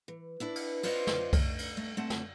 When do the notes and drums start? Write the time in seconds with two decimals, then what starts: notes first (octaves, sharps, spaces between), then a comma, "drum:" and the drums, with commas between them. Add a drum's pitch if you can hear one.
0.08 E3
0.40 D4 E4 B4 D5
0.55 drum: cymbal
0.83 F4 B4 C5 D5 D#5 F5, drum: cymbal
1.07 drum: snare
1.33 A3, drum: kick C2, cymbal
1.59 drum: cymbal
1.77 A3
1.97 A3 C4 F#5 A5
2.10 drum: snare